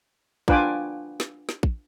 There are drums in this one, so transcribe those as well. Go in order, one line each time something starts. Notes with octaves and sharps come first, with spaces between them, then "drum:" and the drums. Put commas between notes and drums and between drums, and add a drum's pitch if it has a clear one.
D4 F4 B4 G5 G#5 D6, drum: kick
drum: snare
drum: snare
drum: kick